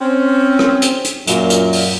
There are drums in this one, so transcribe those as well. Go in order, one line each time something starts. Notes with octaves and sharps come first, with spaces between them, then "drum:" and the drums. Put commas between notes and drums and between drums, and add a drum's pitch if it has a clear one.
C4 C#4
drum: rim click
drum: hi-hat
drum: hi-hat
F#2 A#2, drum: hi-hat
drum: hi-hat
drum: open hi-hat